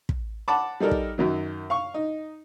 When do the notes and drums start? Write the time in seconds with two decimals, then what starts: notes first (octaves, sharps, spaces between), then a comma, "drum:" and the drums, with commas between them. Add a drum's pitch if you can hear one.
0.09 drum: kick
0.48 F#5 A5 B5 D6
0.80 G3 D#4 A4 A#4 D5
0.91 drum: kick
1.18 F#2 D#3 F#3
1.70 F5 C#6
1.94 D#4